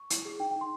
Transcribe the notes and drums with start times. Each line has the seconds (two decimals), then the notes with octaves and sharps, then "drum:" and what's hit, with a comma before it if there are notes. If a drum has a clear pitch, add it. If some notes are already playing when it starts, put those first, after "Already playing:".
Already playing: C#6
0.10 E4, drum: hi-hat
0.25 G#4
0.40 D#4 G5
0.51 G5
0.56 D#4
0.61 C6